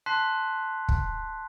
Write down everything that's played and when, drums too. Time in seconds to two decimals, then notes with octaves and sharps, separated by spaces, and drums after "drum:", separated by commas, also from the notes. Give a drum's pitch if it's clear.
0.06 A5 C6 F#6 B6 C7
0.89 drum: kick